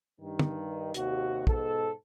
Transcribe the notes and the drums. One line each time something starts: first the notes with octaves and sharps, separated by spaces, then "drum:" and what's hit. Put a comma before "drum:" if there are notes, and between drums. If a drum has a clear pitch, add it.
G2 D#3
drum: tom
D#2 C3 F#4, drum: hi-hat
G#2 B2 A4, drum: kick